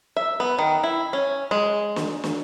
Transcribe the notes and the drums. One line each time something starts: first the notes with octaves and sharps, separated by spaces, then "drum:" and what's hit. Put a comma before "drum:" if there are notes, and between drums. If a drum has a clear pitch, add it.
E5
B3
D#3
E4
C#4
G#3
drum: snare
drum: snare